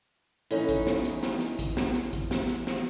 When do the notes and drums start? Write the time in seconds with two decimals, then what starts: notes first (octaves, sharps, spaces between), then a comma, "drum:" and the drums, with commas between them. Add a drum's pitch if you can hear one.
0.51 E3 C#4 D#4 E4 A4 C#5, drum: hi-hat
0.69 drum: kick A1, hi-hat
0.87 drum: snare
1.05 drum: hi-hat
1.23 drum: snare
1.41 drum: hi-hat
1.59 drum: kick A1, hi-hat
1.77 drum: snare
1.95 drum: hi-hat
2.13 drum: kick A1, hi-hat
2.31 drum: snare
2.49 drum: hi-hat
2.67 drum: snare